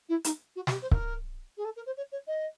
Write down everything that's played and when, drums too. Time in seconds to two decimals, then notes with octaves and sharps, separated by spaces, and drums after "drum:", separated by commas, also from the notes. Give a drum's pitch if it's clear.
0.09 E4
0.24 D#4, drum: hi-hat
0.56 F#4
0.67 F#4, drum: snare
0.71 G4
0.82 C5
0.91 A#4, drum: kick C#1
1.57 G#4
1.65 A4
1.76 A#4
1.86 C5
1.97 C#5
2.12 C#5
2.27 D#5